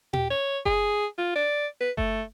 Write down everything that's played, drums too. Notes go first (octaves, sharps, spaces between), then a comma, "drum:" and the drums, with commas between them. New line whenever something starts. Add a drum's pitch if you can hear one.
G4, drum: tom A#2
C#5
G#4, drum: kick F#1
F4
D5
B4
A3, drum: kick F#1